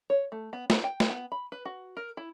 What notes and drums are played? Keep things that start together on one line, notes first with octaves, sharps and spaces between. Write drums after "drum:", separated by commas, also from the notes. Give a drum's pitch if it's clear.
C#5
A3
B3
B3, drum: snare
G5
drum: snare
B3
B5
B4
F#4
A#4
E4